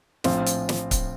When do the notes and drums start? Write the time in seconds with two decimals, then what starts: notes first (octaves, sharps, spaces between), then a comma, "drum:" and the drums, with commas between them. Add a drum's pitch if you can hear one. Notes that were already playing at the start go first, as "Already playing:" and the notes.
0.24 A#1 A2 F3 C4 F4, drum: snare
0.46 drum: hi-hat
0.69 drum: snare
0.91 drum: kick C#1, hi-hat